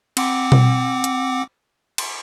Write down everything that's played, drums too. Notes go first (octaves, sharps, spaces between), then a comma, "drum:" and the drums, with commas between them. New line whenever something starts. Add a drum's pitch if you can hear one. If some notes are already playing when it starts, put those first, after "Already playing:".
C4 F#5 D6, drum: cymbal
drum: tom B2
drum: hi-hat
drum: cymbal